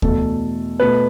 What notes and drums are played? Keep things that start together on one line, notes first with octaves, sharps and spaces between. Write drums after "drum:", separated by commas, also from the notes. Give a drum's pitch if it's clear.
E2 B2 A3 A4, drum: kick D2
B2 A3 B4